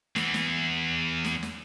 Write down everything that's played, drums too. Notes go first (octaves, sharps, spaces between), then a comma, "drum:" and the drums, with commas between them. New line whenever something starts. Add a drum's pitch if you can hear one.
E2 E3, drum: snare
drum: snare
drum: snare
drum: snare